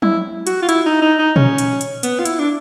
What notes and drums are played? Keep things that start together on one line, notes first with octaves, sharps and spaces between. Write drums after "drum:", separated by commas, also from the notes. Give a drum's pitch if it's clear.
E4, drum: tom F3
F#4, drum: hi-hat
F4
E4, drum: hi-hat
D#4
D#4
D#4
C#4, drum: tom
drum: hi-hat
drum: hi-hat
B3, drum: hi-hat
F4
E4, drum: hi-hat
D4